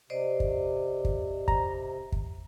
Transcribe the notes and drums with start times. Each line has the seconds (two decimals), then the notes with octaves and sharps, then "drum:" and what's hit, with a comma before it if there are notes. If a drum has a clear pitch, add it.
0.10 C3 C5 D5 D#5
0.40 drum: kick
1.05 drum: kick
1.48 A#5, drum: kick
2.12 drum: kick